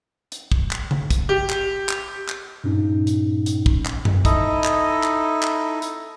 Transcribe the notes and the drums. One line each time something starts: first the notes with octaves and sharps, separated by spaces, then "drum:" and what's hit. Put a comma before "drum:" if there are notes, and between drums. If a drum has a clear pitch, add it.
drum: hi-hat
drum: kick
drum: clap
drum: tom C#3
drum: kick, hi-hat
G4
drum: clap
drum: clap
drum: clap
G2 A#2 C#4 D#4
drum: hi-hat
drum: hi-hat
drum: kick
drum: clap
drum: tom F#2
D#4 E4 A4 D#5, drum: kick, hi-hat
drum: clap
drum: clap
drum: clap
drum: hi-hat